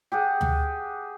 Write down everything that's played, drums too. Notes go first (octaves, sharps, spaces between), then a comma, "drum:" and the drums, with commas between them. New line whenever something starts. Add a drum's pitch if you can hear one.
G4 G#4 F#5
drum: tom D2